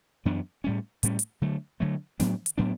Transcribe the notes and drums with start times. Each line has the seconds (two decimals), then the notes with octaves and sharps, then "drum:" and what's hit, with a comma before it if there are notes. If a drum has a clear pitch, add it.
0.25 F#2 E3 B3 D4
0.64 A2 G3 C#4
1.03 A2 G3 C#4, drum: hi-hat
1.19 drum: hi-hat
1.42 D3 F#3 A3
1.80 D3 F#3 A3
2.20 A2 F#3 B3 D4, drum: snare
2.46 drum: hi-hat
2.58 A2 F#3 B3 D4